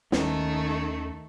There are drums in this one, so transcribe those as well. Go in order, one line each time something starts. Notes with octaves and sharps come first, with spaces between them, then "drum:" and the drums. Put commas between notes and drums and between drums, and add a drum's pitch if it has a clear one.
D#2 D#3 A3 B3 C#4, drum: snare